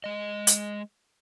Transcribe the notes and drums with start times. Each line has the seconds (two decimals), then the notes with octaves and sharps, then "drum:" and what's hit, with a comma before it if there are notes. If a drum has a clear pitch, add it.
0.04 G#3 D#5
0.47 drum: hi-hat